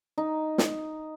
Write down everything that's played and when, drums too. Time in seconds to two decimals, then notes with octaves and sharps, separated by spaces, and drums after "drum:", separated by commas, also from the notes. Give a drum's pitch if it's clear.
0.18 D#4
0.58 drum: snare